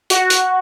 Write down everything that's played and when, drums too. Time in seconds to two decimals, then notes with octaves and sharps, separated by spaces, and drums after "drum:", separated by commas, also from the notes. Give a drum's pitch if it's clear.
0.10 F#4, drum: hi-hat
0.30 drum: hi-hat